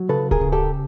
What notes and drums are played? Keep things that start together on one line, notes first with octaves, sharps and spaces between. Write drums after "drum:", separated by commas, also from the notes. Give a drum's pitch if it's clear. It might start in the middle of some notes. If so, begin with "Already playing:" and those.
Already playing: F#3
C#3 A4 B4
G#4 A#4, drum: kick D1
C#3
G4 A4